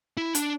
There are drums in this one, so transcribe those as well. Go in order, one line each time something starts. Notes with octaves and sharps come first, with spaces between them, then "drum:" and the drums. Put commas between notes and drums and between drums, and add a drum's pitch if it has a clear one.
E4
D4, drum: hi-hat